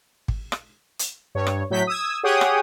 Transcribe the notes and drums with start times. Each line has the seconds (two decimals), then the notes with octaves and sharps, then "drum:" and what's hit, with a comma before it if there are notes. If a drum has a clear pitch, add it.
0.28 drum: kick G#1
0.52 drum: rim click
0.99 drum: hi-hat
1.35 G2 C#5
1.47 drum: rim click
1.70 A2 F#3 G6 B6
1.87 D#6 E6 G#6
2.23 G4 G#4 C#5 F#5 G5 D#6
2.41 drum: rim click